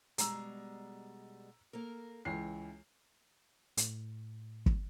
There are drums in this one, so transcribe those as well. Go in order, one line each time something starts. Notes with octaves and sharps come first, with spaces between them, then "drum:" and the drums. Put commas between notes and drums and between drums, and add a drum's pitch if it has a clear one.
B2 G3 G#3 A#5 E6, drum: hi-hat
A#3 A4 A#4
C#2 E3 C#5 C7
A2, drum: hi-hat
drum: kick